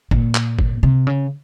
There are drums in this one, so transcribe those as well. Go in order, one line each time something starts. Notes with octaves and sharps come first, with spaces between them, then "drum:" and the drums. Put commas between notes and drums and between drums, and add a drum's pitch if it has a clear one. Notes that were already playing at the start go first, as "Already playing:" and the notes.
A#2, drum: kick
drum: clap
drum: kick
C3
C#3